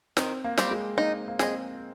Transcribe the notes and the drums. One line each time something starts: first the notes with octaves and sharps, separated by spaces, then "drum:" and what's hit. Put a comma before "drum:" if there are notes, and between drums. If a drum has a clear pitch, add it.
D#3 C4, drum: snare
A#3
G3 C4 G4, drum: snare
G#3
A#3 D#4
A#3
C4 G#4 D#5, drum: snare